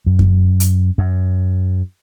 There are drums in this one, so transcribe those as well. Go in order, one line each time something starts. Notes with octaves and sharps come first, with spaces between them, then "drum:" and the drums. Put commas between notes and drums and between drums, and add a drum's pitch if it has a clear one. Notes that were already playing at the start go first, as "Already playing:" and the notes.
F#2
drum: kick F#2
drum: hi-hat
F#2